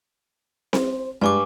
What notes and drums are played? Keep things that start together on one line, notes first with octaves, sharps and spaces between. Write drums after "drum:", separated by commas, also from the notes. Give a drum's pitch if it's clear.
C5, drum: snare C4
G2 G3 G#3 G#5 C#6 D6